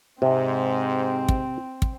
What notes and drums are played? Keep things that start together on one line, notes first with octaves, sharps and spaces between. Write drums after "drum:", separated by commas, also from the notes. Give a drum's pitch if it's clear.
G#2 C3 C4
drum: kick
drum: kick